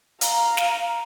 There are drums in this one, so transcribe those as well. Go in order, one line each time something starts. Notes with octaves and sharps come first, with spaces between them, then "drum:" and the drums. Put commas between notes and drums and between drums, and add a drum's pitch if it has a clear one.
F5 A#5, drum: hi-hat
drum: snare